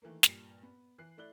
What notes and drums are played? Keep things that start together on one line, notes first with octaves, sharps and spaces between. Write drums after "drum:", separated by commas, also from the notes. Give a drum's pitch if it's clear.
D#3 E3 A3 A#3
G2 A#2, drum: snare
B3
E3 F#6 C7
A3 E4 D5 F#6 G7